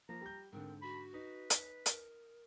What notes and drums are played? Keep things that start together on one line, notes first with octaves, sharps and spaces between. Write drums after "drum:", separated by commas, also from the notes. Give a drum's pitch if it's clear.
F3 A#3 A#5
G3 G6
G#2 D3 C4 A#4
F#4 B5
D#4 B4
drum: hi-hat
A#4, drum: hi-hat